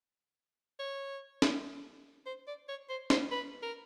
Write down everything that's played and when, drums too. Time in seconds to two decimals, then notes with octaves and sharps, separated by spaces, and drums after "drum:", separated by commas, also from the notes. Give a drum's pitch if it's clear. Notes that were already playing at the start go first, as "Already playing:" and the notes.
0.79 C#5
1.42 drum: snare C#4
2.26 C5
2.47 D5
2.69 C#5
2.89 C5
3.10 C5, drum: snare C#4
3.31 B4
3.63 A#4